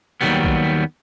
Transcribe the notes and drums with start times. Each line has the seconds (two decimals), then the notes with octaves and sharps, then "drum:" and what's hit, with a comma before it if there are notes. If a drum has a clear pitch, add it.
0.21 D#2 B2 D#3 F#3 G3 B3
0.45 drum: kick A#1